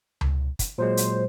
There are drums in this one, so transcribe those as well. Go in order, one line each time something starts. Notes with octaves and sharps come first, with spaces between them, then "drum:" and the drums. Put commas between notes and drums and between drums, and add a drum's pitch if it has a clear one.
drum: tom C#2
drum: kick, hi-hat
A#2 F#3 G#3 C5
drum: hi-hat